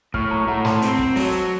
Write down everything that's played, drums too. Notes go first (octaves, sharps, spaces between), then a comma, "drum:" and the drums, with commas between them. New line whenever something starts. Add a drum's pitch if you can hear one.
A2 C#6 F6, drum: kick
A#5 C#6
A2 F#5 A#5
A5 C6, drum: snare
C4, drum: hi-hat
drum: kick
F#3, drum: open hi-hat